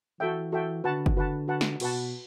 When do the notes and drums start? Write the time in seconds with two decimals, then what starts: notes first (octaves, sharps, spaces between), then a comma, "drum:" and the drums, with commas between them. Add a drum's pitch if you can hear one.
0.20 E3 F#4 A4 E5 G5
0.52 F#4 A4 E5 G5
0.84 D3 F#4 B4 F#5 A5
1.06 drum: kick F#1
1.16 D3 F#4 B4 F#5 A5
1.48 F#4 B4 F#5 A5
1.61 drum: snare
1.80 B2 F#4 B4 F#5 A5, drum: cymbal